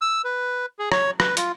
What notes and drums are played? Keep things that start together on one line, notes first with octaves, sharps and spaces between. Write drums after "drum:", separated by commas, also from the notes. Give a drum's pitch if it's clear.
E6
B4
G#4
C#5, drum: rim click
B4, drum: rim click
F4, drum: hi-hat